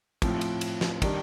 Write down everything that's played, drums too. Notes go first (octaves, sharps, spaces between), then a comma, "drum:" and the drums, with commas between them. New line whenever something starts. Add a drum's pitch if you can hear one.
A2 F3 C4, drum: kick, cymbal
drum: cymbal
drum: cymbal
drum: snare
D#3 G3 D4, drum: kick, cymbal